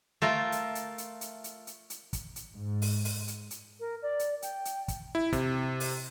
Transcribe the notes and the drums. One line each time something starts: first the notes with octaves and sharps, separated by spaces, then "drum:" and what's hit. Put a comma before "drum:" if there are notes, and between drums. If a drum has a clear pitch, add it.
A3 F4 A#4
drum: hi-hat
drum: hi-hat
drum: hi-hat
drum: hi-hat
drum: hi-hat
drum: hi-hat
drum: hi-hat
drum: kick, hi-hat
drum: hi-hat
G#2
drum: open hi-hat
drum: open hi-hat
drum: hi-hat
drum: hi-hat
A#4
D5
drum: hi-hat
G5, drum: hi-hat
drum: hi-hat
drum: kick, hi-hat
E4
C3, drum: kick, hi-hat
drum: open hi-hat